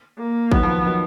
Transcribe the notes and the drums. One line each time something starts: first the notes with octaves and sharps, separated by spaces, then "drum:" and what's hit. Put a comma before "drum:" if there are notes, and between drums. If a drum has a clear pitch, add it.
A#3
D#3 F#3 B3, drum: kick
F3
D#3 F#3